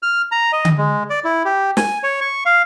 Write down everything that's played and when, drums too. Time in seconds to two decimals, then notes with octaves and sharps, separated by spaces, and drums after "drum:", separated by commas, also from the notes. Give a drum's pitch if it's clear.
0.03 F6
0.32 A#5
0.52 D#5
0.65 drum: tom D3
0.78 G#3
1.10 D5
1.24 E4
1.45 G4
1.77 G#5, drum: snare
2.03 C#5
2.21 C#6
2.46 F5